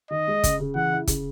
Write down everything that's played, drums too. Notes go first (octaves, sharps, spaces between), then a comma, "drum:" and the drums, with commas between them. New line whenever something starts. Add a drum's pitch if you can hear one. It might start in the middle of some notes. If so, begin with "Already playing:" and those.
D#3 D#5
G#3
C#3, drum: kick, hi-hat
C#3
E3 F#5
E4
C#3, drum: kick, hi-hat